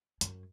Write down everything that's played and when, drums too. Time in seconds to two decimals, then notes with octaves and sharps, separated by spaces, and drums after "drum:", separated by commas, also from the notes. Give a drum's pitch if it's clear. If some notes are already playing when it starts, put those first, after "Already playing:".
0.21 F#2, drum: hi-hat